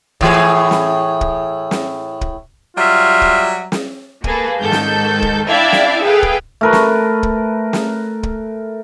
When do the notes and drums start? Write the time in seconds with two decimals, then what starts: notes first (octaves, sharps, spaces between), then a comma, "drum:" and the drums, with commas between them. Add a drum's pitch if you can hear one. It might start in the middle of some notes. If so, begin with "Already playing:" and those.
0.21 A2 E3 G#4, drum: kick
0.71 drum: snare
1.21 drum: kick
1.71 drum: snare
2.21 drum: kick
2.77 F#3 G3 F4 E5
3.22 drum: kick
3.72 drum: snare
4.24 A#3 G#4 A4 B4, drum: kick
4.59 G#2 D#3 A4 G6
4.72 drum: snare
5.22 drum: kick
5.47 D4 E4 D5 E5 F5 G5
5.72 drum: snare
6.04 G#4 A4 B4 F5 G5
6.23 drum: kick
6.61 A3 A#4 B4
6.73 drum: snare
7.23 drum: kick
7.73 drum: snare
8.23 drum: kick